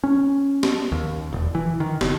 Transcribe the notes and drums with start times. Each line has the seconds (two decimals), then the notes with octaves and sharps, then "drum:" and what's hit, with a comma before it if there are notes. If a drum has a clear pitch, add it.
0.04 C#4
0.63 drum: snare
0.92 D#2
1.32 E1
1.55 E3
1.80 D#3
2.01 F#1, drum: snare